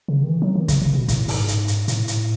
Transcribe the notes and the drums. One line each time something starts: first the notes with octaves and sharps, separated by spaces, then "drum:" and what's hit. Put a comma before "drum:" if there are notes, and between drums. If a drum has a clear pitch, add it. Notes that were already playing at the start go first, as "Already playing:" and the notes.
C#3
D#3
E3
F#3
D#3
C#3, drum: kick, hi-hat
C#3
B2
A2, drum: kick, hi-hat
G#2, drum: open hi-hat
drum: hi-hat
drum: hi-hat
A2, drum: hi-hat
drum: hi-hat